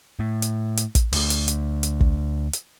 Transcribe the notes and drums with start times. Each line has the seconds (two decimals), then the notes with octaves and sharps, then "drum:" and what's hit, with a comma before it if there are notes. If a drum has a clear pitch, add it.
0.19 A2
0.42 drum: hi-hat
0.77 drum: hi-hat
0.95 drum: kick, hi-hat
1.13 D2, drum: open hi-hat
1.30 drum: hi-hat
1.48 drum: hi-hat
1.83 drum: hi-hat
2.01 drum: kick
2.53 drum: hi-hat